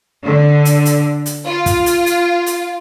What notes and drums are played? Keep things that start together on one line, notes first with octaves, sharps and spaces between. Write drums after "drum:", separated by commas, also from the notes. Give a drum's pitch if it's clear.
D3
drum: hi-hat
drum: hi-hat
drum: hi-hat
F4
drum: kick, hi-hat
drum: hi-hat
drum: hi-hat
drum: hi-hat